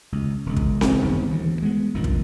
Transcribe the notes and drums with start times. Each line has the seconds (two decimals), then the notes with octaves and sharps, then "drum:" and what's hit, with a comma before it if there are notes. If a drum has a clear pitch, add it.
0.12 C#2
0.46 E1 C#2
0.57 drum: kick
0.81 drum: snare C4
1.05 G2 D#3 B3
1.30 D2 E3
1.62 G#3 B3
1.94 F1 G2 A#2 D#3
2.04 drum: kick